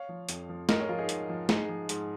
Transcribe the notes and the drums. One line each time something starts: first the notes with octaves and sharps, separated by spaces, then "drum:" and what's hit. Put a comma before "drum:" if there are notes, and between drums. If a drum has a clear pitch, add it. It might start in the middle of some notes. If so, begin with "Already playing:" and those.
Already playing: C#5 F5
F3
F2, drum: hi-hat
F3
G#2 A#4 D#5, drum: snare
G#4 C#5
F3 F4 A#4
D#4 G#4
G#2, drum: hi-hat
F3
G#2 D#4 G#4, drum: snare
F3
G#2, drum: hi-hat